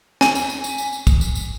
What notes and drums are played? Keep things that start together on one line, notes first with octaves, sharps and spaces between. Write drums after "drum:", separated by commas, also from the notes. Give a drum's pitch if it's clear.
G#5, drum: snare
drum: tambourine
drum: tambourine
drum: tambourine
drum: tambourine
drum: tambourine
drum: kick, tambourine
drum: tambourine
drum: tambourine